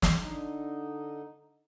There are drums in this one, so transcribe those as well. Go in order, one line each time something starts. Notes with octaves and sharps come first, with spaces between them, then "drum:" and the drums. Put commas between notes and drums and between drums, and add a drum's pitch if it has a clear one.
drum: snare
D3 D#4